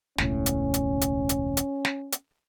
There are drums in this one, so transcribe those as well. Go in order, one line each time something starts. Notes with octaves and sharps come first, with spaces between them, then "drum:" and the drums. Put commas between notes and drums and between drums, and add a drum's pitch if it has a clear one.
E1 C#2 A2 C#4, drum: snare
drum: hi-hat
drum: hi-hat
drum: hi-hat
drum: hi-hat
drum: hi-hat
drum: snare
drum: hi-hat